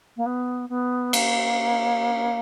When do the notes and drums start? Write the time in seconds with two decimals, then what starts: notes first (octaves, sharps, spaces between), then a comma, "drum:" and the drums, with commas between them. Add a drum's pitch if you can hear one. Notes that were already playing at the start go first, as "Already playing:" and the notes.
0.17 A#3
0.26 B3
0.69 B3
1.13 A#3, drum: cymbal